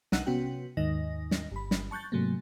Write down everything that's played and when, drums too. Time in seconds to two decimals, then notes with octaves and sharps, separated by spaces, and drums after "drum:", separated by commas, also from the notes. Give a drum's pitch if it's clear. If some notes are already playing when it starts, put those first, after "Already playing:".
0.12 B1 D#4 F#5 A#5 E6 F#6, drum: snare
0.26 C3 B3 C#4 F#4 G5
0.77 D#2 G#2 D#3 D#5 A#6
1.31 drum: snare
1.51 G1 B5
1.71 drum: snare
1.91 A5 C#6 F#6 G6 A6
2.12 G#2 C3 F#3 A3 A#3